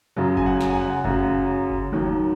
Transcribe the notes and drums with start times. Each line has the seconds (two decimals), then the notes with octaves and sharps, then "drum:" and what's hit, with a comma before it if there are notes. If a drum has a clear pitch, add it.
0.17 F#2 C#3 F#3
0.37 G#5, drum: kick F#1
0.46 F#5
0.61 drum: snare
0.70 G#5
0.75 F#5
1.04 F#2 C#3 F#3, drum: kick F#1
1.70 drum: kick F#1
1.92 D#2 D#3 F#3